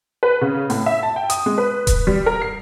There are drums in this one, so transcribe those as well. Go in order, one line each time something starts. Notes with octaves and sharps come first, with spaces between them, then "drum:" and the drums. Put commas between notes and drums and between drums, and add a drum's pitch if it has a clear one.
B4
C#3
A2, drum: open hi-hat
E5
A5
G5
D#6, drum: hi-hat
G#3
B4
drum: kick D#1, hi-hat
G3
A#4
C7